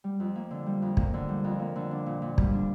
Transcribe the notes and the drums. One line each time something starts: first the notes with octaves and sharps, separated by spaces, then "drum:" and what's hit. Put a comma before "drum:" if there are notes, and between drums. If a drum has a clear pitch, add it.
G3
F2
A#3
D3
G3
F2
A#3, drum: kick
D3
G3
F2
A#3
D3
D4
A#2
A#2
G3, drum: kick
D4